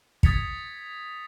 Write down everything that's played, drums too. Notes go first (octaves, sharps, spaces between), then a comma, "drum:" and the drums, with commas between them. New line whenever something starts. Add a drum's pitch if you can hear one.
D#6 G#6 A6 B6 C#7 F7, drum: kick